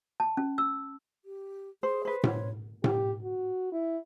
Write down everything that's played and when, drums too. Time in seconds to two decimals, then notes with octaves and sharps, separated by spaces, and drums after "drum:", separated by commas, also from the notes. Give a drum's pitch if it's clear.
0.20 A5
0.37 C#4
0.58 E6
1.25 G4
1.83 G#4 C5
2.05 B4 C5
2.24 C#5, drum: tom A2
2.84 G4, drum: tom A2
3.22 F#4
3.73 E4